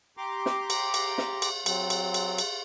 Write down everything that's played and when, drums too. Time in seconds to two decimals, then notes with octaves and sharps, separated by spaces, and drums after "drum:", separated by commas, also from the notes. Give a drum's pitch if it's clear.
0.17 G4 A#5 C6 D6
0.46 drum: snare
0.70 drum: cymbal
0.94 drum: cymbal
1.18 drum: snare
1.42 drum: cymbal
1.66 F#3 C4, drum: cymbal
1.90 drum: cymbal
2.14 drum: cymbal
2.38 drum: cymbal